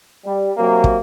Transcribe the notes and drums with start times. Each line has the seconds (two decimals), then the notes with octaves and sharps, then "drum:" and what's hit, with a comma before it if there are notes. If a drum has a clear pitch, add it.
0.24 G3
0.57 C3 F#3 A#3
0.84 drum: kick